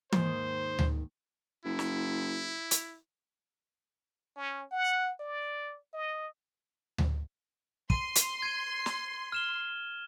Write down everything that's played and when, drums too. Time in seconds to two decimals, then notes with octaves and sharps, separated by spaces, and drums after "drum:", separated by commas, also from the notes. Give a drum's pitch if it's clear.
0.12 D#2 G#2 D#3 C5, drum: tom E3
0.79 drum: tom D2
1.65 F#1 E4
1.79 drum: snare
2.71 drum: hi-hat
4.37 C#4
4.72 F#5
5.20 D5
5.93 D#5
6.98 drum: tom D2
7.90 C6 D#7, drum: kick
8.15 drum: hi-hat
8.42 G#6 D#7
8.86 drum: snare
9.32 F6 E7 G7